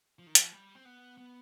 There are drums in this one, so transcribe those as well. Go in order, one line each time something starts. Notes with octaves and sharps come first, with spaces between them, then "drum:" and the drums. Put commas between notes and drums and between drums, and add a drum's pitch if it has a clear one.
F3
D#3
F3, drum: hi-hat
G3
C4
B3
B3